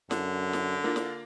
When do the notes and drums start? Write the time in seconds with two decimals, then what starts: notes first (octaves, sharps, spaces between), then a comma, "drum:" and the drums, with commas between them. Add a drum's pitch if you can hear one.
0.11 F#2 D3, drum: snare
0.53 drum: snare
0.84 A#3 D4 F4
0.96 drum: snare